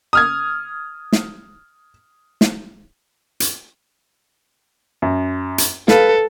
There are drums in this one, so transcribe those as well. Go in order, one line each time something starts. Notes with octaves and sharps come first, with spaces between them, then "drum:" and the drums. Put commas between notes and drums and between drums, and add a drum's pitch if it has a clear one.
D#6 F6 G#6
drum: snare
drum: snare
drum: hi-hat
F#2
drum: hi-hat
A4 B4 F5, drum: snare